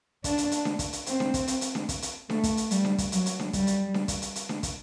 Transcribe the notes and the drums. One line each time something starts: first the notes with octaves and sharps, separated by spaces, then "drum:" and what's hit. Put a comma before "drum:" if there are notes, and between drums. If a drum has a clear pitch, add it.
D4, drum: kick, hi-hat
drum: hi-hat
drum: hi-hat
drum: snare D4
drum: kick, hi-hat
drum: hi-hat
C4, drum: hi-hat
drum: snare D4
drum: kick, hi-hat
drum: hi-hat
drum: hi-hat
drum: snare D4
drum: kick, hi-hat
drum: hi-hat
A3, drum: snare D4
drum: kick, hi-hat
drum: hi-hat
G3, drum: hi-hat
drum: snare D4
drum: kick, hi-hat
F#3, drum: hi-hat
drum: hi-hat
drum: snare D4
G3, drum: kick, hi-hat
drum: hi-hat
drum: snare D4
drum: kick, hi-hat
drum: hi-hat
drum: hi-hat
drum: snare D4
drum: kick, hi-hat